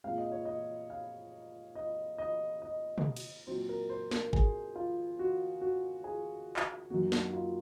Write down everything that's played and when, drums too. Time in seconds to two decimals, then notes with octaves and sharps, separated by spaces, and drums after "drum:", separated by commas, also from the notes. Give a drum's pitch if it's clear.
0.04 A#2 G#3 C4 F5
0.18 D#5
0.32 C#5
0.45 D#5
0.90 F5
1.75 D#5
2.18 D#5
2.62 D#5
2.98 drum: tom
3.16 drum: cymbal
3.47 A#2 F#3 C4 C5
3.69 A#4
3.89 C5
4.11 A#4, drum: snare
4.33 G#4, drum: kick G#1
4.76 F4
5.19 F#4
5.61 F#4
6.04 G#4
6.56 drum: clap
6.90 F#2 D#3 A#3 F#4
7.12 F#4, drum: snare
7.33 F4